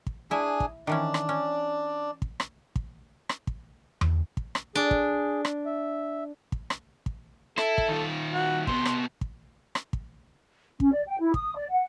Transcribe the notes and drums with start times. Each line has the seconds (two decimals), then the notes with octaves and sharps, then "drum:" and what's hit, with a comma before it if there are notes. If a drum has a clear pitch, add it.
0.07 drum: kick
0.31 D4 E4 G#4 E5 G#5
0.60 drum: kick
0.87 D#3 E3 C#4 D4 D5
1.14 drum: rim click
1.29 C#4
2.22 drum: kick
2.40 drum: rim click
2.76 drum: kick
3.29 drum: rim click
3.47 drum: kick
4.01 drum: tom E2
4.37 drum: kick
4.55 drum: rim click
4.75 D4 G#4
4.91 drum: kick
5.45 drum: rim click
5.66 E5
6.52 drum: kick
6.70 drum: rim click
7.06 drum: kick
7.58 E4 A4, drum: rim click
7.78 drum: kick
7.88 D#3 F4
8.34 F#4
8.67 C3 B3 C6, drum: kick
8.85 drum: rim click
9.21 drum: kick
9.75 drum: rim click
9.93 drum: kick
10.80 C#4, drum: kick
10.92 D5
11.06 G5
11.19 E4
11.34 D#6, drum: kick
11.55 D5
11.69 F#5